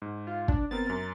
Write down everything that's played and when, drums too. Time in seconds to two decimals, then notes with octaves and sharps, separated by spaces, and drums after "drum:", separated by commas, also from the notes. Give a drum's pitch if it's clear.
0.02 G#2
0.27 F4
0.48 D4, drum: kick
0.71 B3 C4 A#4 A6
0.87 F#2 A#4